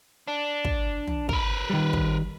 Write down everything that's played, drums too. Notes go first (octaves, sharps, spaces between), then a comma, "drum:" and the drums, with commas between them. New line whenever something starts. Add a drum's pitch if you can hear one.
D4
drum: kick
drum: tom
A#4 B4, drum: kick
D#3 G3
drum: kick